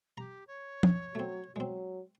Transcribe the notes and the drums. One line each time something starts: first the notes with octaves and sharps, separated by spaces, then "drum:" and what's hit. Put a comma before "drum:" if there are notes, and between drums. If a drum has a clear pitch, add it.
G4 A#5
C#5
drum: tom
F#3 A3 C4
F#3 G#3 C4